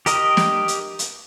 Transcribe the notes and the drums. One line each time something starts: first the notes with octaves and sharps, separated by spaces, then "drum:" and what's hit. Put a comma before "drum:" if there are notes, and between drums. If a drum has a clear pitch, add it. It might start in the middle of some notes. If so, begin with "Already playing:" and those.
G4 A#4 D#5, drum: hi-hat
drum: snare
drum: hi-hat
drum: hi-hat